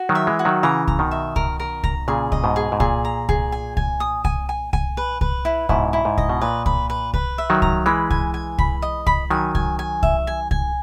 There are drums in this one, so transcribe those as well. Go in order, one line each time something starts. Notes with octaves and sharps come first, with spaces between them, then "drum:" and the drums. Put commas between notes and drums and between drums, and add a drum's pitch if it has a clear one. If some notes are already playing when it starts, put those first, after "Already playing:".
Already playing: F#4
D#3 F#3
E5
E3 G#3
F#4
D#3 F#3
C#3 E3 A#5
A#5, drum: kick C2
B2 D#3
E5
A#4, drum: kick C2
A#4
A#5, drum: kick C2
A#2 C#3 G#4
D#5, drum: kick C2
G#2 B2
G#4
G#2
A#2 G#4, drum: kick C2
A#5
G#4, drum: kick C2
G#5
G#5, drum: kick C2
D#6
G#5, drum: kick C2
G#5
G#5, drum: kick C2
B4
B4, drum: kick C2
E4
G#2 B2 E4, drum: kick C2
E4
G#2
D#5, drum: kick C2
B2
A#2 B4
B4, drum: kick C2
B4
B4, drum: kick C2
E5
D#3 F#3
A#5, drum: kick C2
E3 G#3 B5
G#5, drum: kick C2
G#5
B5, drum: kick C2
D#5
B5, drum: kick C2
D#3 F#3 G#5
G#5, drum: kick C2
G#5
E5, drum: kick C2
G#5
G#5, drum: kick C2